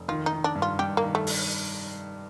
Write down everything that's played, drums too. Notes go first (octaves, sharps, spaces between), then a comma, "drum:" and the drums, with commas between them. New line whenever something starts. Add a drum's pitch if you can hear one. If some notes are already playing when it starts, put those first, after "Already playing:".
Already playing: F1
D#3 F4
D#4
D#3
D4
G2
F4
G2 G4
A#3
D#3
A3
drum: open hi-hat